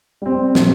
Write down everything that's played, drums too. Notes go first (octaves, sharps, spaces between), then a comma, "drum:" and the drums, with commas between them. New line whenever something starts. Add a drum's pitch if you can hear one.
G3 C4
A#2, drum: snare